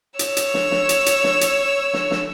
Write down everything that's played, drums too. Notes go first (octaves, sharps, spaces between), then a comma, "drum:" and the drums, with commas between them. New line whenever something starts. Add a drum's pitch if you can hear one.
C#5 E6, drum: hi-hat
drum: hi-hat
drum: snare
drum: snare
drum: hi-hat
drum: hi-hat
drum: snare
drum: hi-hat
drum: snare
drum: snare